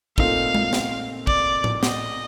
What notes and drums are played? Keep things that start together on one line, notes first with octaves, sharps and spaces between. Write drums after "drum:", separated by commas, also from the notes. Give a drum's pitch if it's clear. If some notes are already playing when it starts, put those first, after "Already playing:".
A#2 A3 C4 D#4 F5, drum: kick
drum: tom G#3
drum: snare
D5, drum: kick
drum: tom A2
D#5, drum: snare